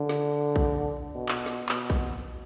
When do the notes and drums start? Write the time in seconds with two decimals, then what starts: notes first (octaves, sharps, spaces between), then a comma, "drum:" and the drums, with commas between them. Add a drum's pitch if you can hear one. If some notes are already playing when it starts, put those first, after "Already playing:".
Already playing: D3
0.09 drum: snare
0.56 drum: kick A#1
1.15 B2
1.29 drum: clap
1.46 drum: snare
1.69 B2, drum: clap
1.90 drum: kick A#1